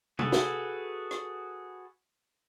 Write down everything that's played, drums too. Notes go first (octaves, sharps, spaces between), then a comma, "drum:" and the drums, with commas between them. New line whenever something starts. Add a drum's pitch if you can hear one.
F#4 G#4 A4 B4, drum: tom C3
drum: snare
drum: rim click